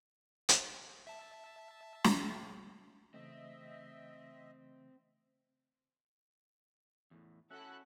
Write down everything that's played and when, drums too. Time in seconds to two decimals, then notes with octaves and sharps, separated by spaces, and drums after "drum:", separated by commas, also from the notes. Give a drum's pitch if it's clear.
0.49 drum: hi-hat
1.07 E5 A5
2.04 drum: snare
3.14 C#3 E3 A3 C4 D#5 E5
7.11 E2 A2
7.51 C#4 E4 F#4 A4 E5 F#6